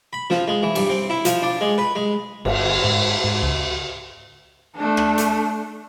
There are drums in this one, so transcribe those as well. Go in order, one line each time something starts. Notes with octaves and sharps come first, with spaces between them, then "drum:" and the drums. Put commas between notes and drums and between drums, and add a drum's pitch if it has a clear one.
B5
F3, drum: snare
G#3
E3
G2, drum: cymbal
C4
E4
F3, drum: hi-hat
D4
G#3
B4
G#3
G1, drum: cymbal
G#2
G#2
C#2
A3 D4
drum: rim click
drum: hi-hat